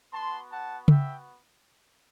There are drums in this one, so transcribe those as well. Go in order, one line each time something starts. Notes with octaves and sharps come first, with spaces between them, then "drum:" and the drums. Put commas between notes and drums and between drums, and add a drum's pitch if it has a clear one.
B3 F#4 A5 C6
F#5 A5
E5 G5, drum: tom C#3